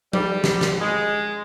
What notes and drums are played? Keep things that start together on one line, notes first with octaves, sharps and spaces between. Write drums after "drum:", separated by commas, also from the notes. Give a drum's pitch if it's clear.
G3, drum: tom F3
drum: snare
drum: snare
G#3